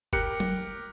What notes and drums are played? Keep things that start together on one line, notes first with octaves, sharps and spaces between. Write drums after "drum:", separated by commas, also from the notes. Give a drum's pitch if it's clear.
G4 A#4 F#6 C#7, drum: kick F#1
drum: tom F#3